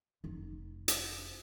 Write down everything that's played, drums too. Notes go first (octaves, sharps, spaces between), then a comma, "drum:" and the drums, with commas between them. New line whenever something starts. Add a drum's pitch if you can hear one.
F1 D#4
drum: hi-hat